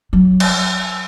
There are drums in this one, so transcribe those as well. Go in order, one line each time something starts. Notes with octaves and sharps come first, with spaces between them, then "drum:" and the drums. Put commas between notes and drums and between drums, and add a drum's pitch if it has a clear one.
F#3
drum: cymbal